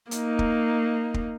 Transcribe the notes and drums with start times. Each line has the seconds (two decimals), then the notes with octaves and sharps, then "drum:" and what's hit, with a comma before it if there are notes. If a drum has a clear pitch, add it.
0.11 A#3 D#4, drum: hi-hat
0.39 drum: kick
1.14 drum: kick